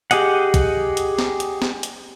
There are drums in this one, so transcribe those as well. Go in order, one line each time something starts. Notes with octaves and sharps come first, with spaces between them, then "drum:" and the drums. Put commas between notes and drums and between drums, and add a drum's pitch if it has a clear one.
G4 G#4 D#5 F#5, drum: hi-hat
drum: kick, hi-hat
drum: hi-hat
drum: snare
drum: hi-hat
drum: snare
drum: hi-hat